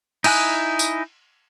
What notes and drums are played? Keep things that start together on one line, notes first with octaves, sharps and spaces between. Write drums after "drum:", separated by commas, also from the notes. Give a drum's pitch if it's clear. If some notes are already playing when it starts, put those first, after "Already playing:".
D#4 E4 G#5 D#6 F#6, drum: cymbal
drum: tambourine